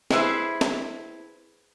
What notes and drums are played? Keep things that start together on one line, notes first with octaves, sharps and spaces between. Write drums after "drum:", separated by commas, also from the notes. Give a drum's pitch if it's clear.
E4 G#4 B4 C5 E5, drum: snare
drum: snare